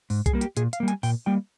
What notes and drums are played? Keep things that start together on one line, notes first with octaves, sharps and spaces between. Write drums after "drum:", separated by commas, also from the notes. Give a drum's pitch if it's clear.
G#2, drum: open hi-hat
G#4, drum: kick B1, hi-hat
G3 A#3
G4, drum: hi-hat
A#2 G#4, drum: hi-hat
F5, drum: hi-hat
G3 A#3
G#5, drum: hi-hat
A#2 G5, drum: open hi-hat
G3 A#3 G5